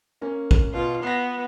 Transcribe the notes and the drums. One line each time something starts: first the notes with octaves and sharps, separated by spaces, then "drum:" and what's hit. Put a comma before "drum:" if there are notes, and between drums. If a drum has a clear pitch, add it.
A#3 C#4
drum: kick
B2 F4
B3 A#6 C7